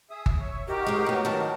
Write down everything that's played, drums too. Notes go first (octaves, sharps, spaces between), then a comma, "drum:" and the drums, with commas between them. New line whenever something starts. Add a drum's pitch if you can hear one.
G#4 E5 D#6
drum: kick G1
C#5 E5
D#4 F#4 G4 A#4
G#2 G#3
F#3 B3
D#3 F#3 A5